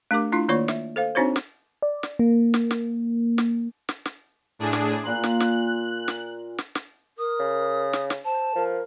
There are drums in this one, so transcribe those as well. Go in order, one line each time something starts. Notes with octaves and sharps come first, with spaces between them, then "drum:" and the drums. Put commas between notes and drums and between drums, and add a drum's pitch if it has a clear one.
A3 D4 G4 A#4 D6
A3 D4 E4 F4
D#3 A#3 F4 C#5 D5 C#6
E5, drum: snare
A4 C5 F5
C4 D4 D#4 F#4 C5 C#5
drum: snare
D5
drum: snare
A#3
drum: snare
drum: snare
drum: snare
drum: snare
drum: snare
A2 D4 G#4
drum: snare
A#2 A#4 C6 F#6
drum: snare
drum: snare
drum: snare
drum: snare
drum: snare
A#4 D#6
C#3
drum: snare
drum: snare
C5 A5
F3 A#4